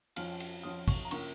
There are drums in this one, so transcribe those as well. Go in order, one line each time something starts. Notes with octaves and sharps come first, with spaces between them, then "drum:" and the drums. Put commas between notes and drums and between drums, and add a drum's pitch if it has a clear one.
F2 F3 C#4 F4 F6, drum: cymbal
drum: cymbal
F2 F3 C#4 F4 D#6
C#6, drum: kick, cymbal
A#5
C#3 A#3 F4 C#6, drum: cymbal